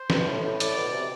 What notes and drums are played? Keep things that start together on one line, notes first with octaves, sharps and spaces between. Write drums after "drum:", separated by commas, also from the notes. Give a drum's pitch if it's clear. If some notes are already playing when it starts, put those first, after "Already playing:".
Already playing: C5
G2, drum: snare
B2
A2
A2
A2 D5, drum: hi-hat
B2
C3